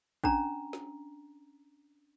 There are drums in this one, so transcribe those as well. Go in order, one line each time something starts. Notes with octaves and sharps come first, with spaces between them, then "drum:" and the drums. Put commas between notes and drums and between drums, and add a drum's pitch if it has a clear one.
C#4 D4 A#5, drum: kick
drum: snare